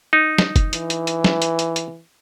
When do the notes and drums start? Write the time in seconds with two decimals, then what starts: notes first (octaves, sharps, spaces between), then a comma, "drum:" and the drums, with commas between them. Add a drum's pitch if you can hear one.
0.13 D#4
0.38 drum: snare
0.56 drum: kick, hi-hat
0.73 E3, drum: hi-hat
0.90 drum: hi-hat
1.07 drum: hi-hat
1.24 drum: snare
1.42 drum: hi-hat
1.59 drum: hi-hat
1.76 drum: hi-hat